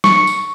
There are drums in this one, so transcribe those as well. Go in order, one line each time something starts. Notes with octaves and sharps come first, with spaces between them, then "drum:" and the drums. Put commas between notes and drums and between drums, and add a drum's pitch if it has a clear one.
C#6, drum: snare
drum: tambourine